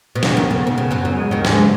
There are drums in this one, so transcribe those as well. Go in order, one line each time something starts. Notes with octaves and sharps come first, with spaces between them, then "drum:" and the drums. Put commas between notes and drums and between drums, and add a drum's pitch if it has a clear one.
B2
C#3 B3, drum: snare
D#2 D#3
C#3
B2
C#3
F#2 F#3
C#3 F#3
G#3
D#2 D#3 F#3
G#2 C#3 G#3, drum: snare